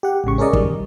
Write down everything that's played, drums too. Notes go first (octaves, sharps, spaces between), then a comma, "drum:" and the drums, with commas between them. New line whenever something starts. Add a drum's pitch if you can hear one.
G4 F#5
A1 G#2 C#3 C#6
C#4 G#4 A#4 D5 D#5
D#3 G3, drum: kick